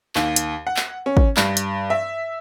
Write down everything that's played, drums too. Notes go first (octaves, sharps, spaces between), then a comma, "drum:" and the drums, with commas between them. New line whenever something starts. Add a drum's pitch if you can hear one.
D#2, drum: clap
drum: hi-hat
F#5
drum: clap
C#4
drum: kick
G2, drum: clap
drum: hi-hat
E5